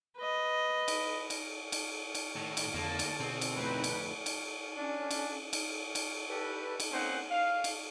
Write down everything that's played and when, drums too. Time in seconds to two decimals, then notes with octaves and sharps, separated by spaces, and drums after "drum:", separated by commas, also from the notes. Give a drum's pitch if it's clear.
0.17 B4 D#5
0.88 drum: cymbal
1.30 drum: cymbal
1.72 drum: cymbal
2.15 drum: cymbal
2.36 A2 D#3 A#4
2.57 drum: cymbal
2.74 F2 D3 A#3 G#4 A5
2.99 drum: cymbal
3.20 B2 C4 G#4
3.41 drum: cymbal
3.56 F2 A2 D#4 E4 B4
3.84 drum: cymbal
4.26 drum: cymbal
4.77 C#4 D4
5.11 drum: cymbal
5.53 drum: cymbal
5.95 drum: cymbal
6.28 G4 A4 B4
6.80 drum: cymbal
6.92 A#3 C4 C#4 D#4 C5 F#5
7.31 F5
7.64 drum: cymbal